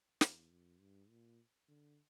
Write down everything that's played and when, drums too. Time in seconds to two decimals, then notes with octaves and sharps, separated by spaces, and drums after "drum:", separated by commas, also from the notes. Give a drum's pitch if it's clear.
0.21 E2, drum: snare
0.51 F2
0.80 G2
1.09 A#2
1.68 D3